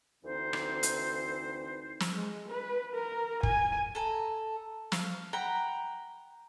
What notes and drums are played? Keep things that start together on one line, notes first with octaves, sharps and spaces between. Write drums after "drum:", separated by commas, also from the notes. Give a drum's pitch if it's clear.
D2 E3 C4 D#4 C5
drum: rim click
drum: hi-hat
drum: snare
G#3
B4
A#4
G#5, drum: kick
A4 A#5
F5, drum: snare
F#5 G5 A#5 B5